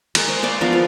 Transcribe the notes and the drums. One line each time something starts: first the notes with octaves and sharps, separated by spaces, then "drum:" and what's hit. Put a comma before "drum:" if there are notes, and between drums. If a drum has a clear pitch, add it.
G#3 A#4, drum: cymbal
C5
C5 D5 F5
F3 B3 D4 A#4
F4